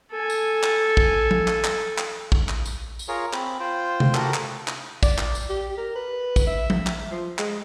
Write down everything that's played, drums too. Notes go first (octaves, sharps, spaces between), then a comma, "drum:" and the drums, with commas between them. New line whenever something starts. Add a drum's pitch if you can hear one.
A4 G#5
drum: tambourine
drum: clap
drum: kick
drum: tom F3
drum: clap
drum: clap
drum: clap
drum: kick
drum: clap
drum: tambourine
drum: tambourine
F4 G#4 A#4 C#5
C4 B5, drum: clap
F4 C5 G5
drum: tom C3
F#4 G4 A4 A#4, drum: clap
drum: clap
drum: clap
D5, drum: kick, tambourine
drum: clap
drum: tambourine
G4
A#4
B4
drum: kick, tambourine
E5
drum: tom F3
drum: clap
F3
G#3, drum: clap